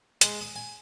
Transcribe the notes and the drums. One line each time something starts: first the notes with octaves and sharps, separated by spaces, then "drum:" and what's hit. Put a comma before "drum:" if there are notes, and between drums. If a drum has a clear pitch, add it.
G#3, drum: hi-hat
D#6
G#5